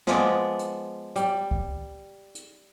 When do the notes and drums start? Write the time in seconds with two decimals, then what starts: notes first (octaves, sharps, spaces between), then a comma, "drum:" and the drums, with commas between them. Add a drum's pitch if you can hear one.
0.07 F3 G#3 B3 D5, drum: snare
0.59 drum: hi-hat
1.16 G3, drum: hi-hat
1.51 drum: kick
2.35 drum: hi-hat